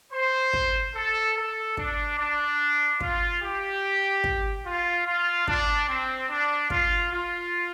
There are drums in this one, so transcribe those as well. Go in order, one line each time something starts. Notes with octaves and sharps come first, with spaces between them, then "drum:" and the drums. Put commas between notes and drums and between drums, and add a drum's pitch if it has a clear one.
C5
drum: kick
A4
A4
D4, drum: kick
D4
F4, drum: kick
G4
drum: kick
F4
F4
D4, drum: kick
C4
D4
F4, drum: kick
F4